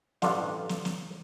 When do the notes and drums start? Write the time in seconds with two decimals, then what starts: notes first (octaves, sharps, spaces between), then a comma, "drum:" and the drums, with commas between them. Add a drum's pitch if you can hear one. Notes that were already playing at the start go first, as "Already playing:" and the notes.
0.22 A1 G2 D3 F3 D4 F4, drum: snare
0.69 drum: snare
0.85 drum: snare